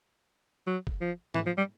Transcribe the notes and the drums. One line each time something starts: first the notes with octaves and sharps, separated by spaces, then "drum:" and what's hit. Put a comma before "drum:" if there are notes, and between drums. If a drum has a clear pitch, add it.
F#3
drum: kick
F3
E3, drum: tom G#2
F3
G3